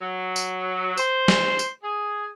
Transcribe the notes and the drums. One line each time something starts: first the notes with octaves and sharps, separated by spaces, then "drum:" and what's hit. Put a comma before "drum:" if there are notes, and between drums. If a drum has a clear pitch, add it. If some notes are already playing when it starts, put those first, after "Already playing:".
F#3
drum: tambourine
C5, drum: tambourine
drum: snare
drum: tambourine
G#4